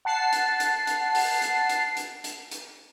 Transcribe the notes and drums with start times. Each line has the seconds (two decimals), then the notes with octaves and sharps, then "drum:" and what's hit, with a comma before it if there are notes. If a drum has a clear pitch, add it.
0.05 F#5 A5 C7
0.32 drum: hi-hat
0.60 drum: hi-hat
0.87 drum: hi-hat
1.14 drum: open hi-hat
1.42 drum: hi-hat
1.69 drum: hi-hat
1.97 drum: hi-hat
2.24 drum: hi-hat
2.51 drum: hi-hat